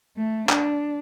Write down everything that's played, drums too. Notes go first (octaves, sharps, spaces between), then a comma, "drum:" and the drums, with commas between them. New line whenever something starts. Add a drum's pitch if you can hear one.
A3
D4, drum: clap